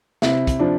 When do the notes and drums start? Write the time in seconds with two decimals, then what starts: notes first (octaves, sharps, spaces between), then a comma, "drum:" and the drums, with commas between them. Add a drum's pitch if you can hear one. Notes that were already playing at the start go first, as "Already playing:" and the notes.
0.22 C3 E4, drum: snare
0.47 drum: kick, hi-hat
0.59 F3 D4